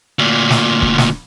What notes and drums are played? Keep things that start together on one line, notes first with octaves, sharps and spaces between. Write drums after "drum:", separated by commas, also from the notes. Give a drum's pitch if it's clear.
D2 A#2
drum: snare
drum: kick
drum: snare